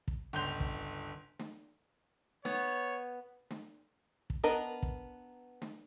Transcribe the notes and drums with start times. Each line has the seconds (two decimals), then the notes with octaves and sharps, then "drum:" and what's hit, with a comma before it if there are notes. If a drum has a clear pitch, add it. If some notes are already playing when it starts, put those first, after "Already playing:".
0.08 drum: kick
0.33 G1 C#2 C6 G6 F7
0.60 drum: kick
1.40 drum: snare
2.45 B3 C#5, drum: snare
3.51 drum: snare
4.30 drum: kick
4.44 B3 D4 A#4 B4 D#5
4.83 drum: kick
5.62 drum: snare